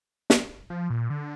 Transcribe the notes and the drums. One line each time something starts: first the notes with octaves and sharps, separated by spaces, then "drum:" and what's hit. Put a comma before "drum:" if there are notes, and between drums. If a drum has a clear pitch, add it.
drum: snare
F3
A#2
D3